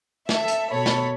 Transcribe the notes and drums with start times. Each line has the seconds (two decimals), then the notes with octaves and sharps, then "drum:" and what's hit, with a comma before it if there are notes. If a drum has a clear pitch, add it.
0.29 A4 E5, drum: snare
0.48 drum: hi-hat
0.71 B2 A4 C#5 B5
0.86 drum: snare